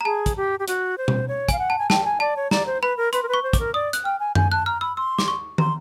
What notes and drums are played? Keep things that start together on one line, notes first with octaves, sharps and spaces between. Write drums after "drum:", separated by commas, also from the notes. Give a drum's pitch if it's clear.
A#5
G#4 A5
drum: kick, hi-hat
G4
G4
F#4, drum: hi-hat
C5
drum: tom B2
C#5
F5 G#5, drum: kick, hi-hat
F#5
A5
G#5
G5 A5, drum: snare
G#5
D5 A5
C#5
D5 A#5, drum: snare
C5
B4 B5
A#4
B4 C6, drum: hi-hat
A#4
B4
C#6
C5
D6, drum: kick, hi-hat
A#4
D5 D#6
F#6, drum: hi-hat
G5 F6
G#5
G#5 G6, drum: tom F#2
A5 F#6
A#5 F6
B5 E6
C6 E6
D6, drum: snare
C#6
A#5 C6, drum: tom